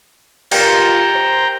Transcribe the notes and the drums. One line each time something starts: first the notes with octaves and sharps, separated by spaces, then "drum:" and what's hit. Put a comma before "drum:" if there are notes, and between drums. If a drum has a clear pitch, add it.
F4 G4 A#4 G5 A#5, drum: cymbal
C5